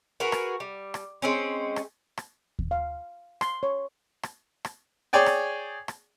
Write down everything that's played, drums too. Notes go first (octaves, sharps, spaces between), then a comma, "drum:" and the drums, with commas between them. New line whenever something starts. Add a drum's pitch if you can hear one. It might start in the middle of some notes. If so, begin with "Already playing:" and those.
F#4 G#4 A#4 B4
drum: rim click
G3
drum: rim click
G#3 C4 C#4
drum: rim click
drum: rim click
drum: kick D#2
F5
C6, drum: rim click
C#5
drum: rim click
drum: rim click
G#4 C#5 D5 G5 G#5
drum: rim click
drum: rim click